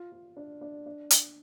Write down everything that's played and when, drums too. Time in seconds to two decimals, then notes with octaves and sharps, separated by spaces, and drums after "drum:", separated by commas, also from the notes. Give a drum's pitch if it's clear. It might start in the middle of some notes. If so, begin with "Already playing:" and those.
Already playing: F4
0.12 F4
0.37 D4
0.61 D4
0.86 D4
1.10 D4, drum: hi-hat